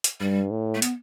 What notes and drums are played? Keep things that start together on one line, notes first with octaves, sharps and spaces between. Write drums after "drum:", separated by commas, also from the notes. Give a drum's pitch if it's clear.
drum: hi-hat
G2 G3
A2
A3
B3, drum: hi-hat